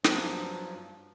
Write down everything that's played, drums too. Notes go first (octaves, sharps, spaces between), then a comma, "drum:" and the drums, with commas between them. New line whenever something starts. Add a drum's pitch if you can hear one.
G2 F3 F#3, drum: snare